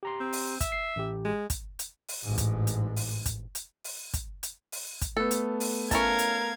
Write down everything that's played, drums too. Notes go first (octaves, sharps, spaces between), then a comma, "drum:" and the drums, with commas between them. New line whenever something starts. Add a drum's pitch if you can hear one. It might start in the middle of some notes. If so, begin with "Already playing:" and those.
G4 A#5 C6
C4
drum: open hi-hat
E5, drum: kick, hi-hat
C7
A1 G4
G#3
drum: kick, hi-hat
drum: hi-hat
drum: open hi-hat
A1 G#2
drum: kick, hi-hat
drum: hi-hat
drum: open hi-hat
drum: kick, hi-hat
drum: hi-hat
drum: open hi-hat
drum: kick, hi-hat
drum: hi-hat
drum: open hi-hat
drum: kick, hi-hat
A3 B3 A4
drum: hi-hat
drum: open hi-hat
C#4 E4 A#4 F5 A5 G#6, drum: kick, hi-hat
drum: hi-hat